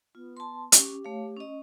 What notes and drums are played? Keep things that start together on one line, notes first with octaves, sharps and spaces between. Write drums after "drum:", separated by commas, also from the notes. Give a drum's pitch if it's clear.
B3 F4
A5 C6
C#4 G4, drum: hi-hat
A3 C#5 F5
C#4 D#5